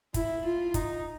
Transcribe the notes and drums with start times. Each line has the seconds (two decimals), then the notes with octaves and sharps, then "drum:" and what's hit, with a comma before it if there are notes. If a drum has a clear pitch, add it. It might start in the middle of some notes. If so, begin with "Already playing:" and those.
0.14 E4, drum: kick, hi-hat
0.45 F4
0.74 D#4, drum: kick, hi-hat